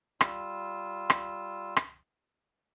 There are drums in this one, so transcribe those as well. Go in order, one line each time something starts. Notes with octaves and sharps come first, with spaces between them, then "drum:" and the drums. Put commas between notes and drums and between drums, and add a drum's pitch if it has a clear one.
G3 F4 E6, drum: rim click
drum: rim click
drum: rim click